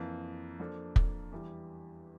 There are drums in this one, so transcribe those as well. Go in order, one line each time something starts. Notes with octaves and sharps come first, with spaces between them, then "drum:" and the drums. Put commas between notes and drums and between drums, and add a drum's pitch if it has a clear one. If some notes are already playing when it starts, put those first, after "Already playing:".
Already playing: F2 E3 A#3
F3 A#3 D4 A4
drum: kick
E2 E3 G3